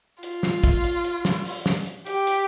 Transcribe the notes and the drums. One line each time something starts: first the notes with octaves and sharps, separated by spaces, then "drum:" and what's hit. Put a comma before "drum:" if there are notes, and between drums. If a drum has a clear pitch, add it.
F4, drum: hi-hat
drum: snare
drum: kick, hi-hat
drum: hi-hat
drum: hi-hat
drum: snare
drum: open hi-hat
drum: snare
drum: hi-hat
G4, drum: hi-hat
drum: hi-hat